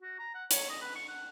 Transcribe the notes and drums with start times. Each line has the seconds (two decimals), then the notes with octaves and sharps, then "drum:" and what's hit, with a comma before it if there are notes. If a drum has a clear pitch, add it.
0.02 F#4
0.19 A#5
0.34 F#5
0.51 C#5, drum: hi-hat
0.69 D#5
0.82 B4
0.96 C#6
1.08 F#5